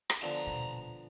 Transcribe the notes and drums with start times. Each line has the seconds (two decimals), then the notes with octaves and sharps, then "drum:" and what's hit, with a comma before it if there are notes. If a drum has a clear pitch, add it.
0.10 drum: rim click
0.23 D3 F3 B3 D5 A5 A#5
0.47 D#1 B2